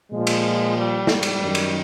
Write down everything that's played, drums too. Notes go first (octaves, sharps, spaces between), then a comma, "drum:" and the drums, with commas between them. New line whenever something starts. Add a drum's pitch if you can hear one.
A#2 F3 G#3
drum: cymbal
G3
G3, drum: snare
drum: cymbal
F#2 D#3
drum: cymbal